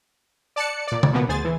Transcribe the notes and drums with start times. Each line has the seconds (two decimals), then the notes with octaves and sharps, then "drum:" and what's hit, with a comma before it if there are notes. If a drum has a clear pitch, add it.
0.56 D5 A5 F#6 C#7
0.87 A#2 D5
1.03 drum: tom
1.12 B2 F3 A#3 B3
1.29 D2 G#4 C5 G#5 A6
1.44 E3